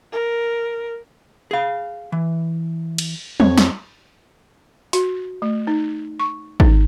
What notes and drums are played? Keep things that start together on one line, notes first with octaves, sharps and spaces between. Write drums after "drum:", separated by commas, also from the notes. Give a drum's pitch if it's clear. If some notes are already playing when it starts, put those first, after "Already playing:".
A#4
G#4 F5
E3
drum: cymbal
F2 C#5, drum: tom
drum: snare
F#4, drum: hi-hat
A3
D#4
C#6
D#4, drum: kick G#1